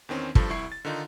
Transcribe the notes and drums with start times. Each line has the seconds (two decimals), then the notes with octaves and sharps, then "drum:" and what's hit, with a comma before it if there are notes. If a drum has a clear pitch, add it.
0.09 E2 D#3 C4 C#4
0.35 G2 F3 A4, drum: kick
0.50 C2 E4 C#6 C7
0.72 A6
0.85 D3 D#3 D#4 F4